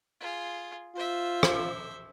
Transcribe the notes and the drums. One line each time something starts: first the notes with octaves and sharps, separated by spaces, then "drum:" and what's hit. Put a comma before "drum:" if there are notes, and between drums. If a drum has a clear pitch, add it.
F4 G#4
F4 C5 E5
drum: rim click